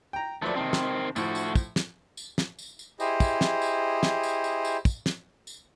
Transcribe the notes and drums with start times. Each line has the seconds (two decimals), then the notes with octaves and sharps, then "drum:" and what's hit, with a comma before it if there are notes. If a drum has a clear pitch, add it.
0.13 G5 A#5
0.42 F3 F#3 A3 B4 D5
0.56 C3 D#3 C4 A5
0.73 drum: snare
1.16 A2 F3 A3 F#4, drum: tambourine
1.35 drum: tambourine
1.55 drum: kick, tambourine
1.76 drum: snare
2.17 drum: tambourine
2.38 drum: snare
2.59 drum: tambourine
2.79 drum: tambourine
3.00 E4 G4 G#4 C5 D#5, drum: tambourine
3.20 drum: kick, tambourine
3.41 drum: snare
3.62 drum: tambourine
4.03 drum: snare
4.23 drum: tambourine
4.44 drum: tambourine
4.65 drum: tambourine
4.85 drum: kick, tambourine
5.06 drum: snare
5.47 drum: tambourine